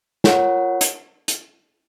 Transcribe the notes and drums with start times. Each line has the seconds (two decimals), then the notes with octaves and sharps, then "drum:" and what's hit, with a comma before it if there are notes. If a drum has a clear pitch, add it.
0.24 F4 A#4 C#5 F#5, drum: snare
0.81 drum: hi-hat
1.28 drum: hi-hat